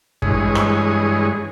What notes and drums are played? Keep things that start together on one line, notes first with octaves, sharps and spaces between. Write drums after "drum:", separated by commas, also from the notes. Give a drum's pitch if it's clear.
G2 E3 G#3 G#4 C#5, drum: kick
drum: rim click